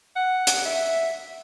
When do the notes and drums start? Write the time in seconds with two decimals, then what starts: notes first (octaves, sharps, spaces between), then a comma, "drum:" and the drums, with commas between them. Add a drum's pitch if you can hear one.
0.16 F#5
0.47 drum: hi-hat
0.65 E5